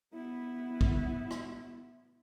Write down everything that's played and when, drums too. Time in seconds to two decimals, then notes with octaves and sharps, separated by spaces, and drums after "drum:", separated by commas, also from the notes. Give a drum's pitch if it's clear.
0.14 B3 E4
0.81 drum: kick
1.31 drum: rim click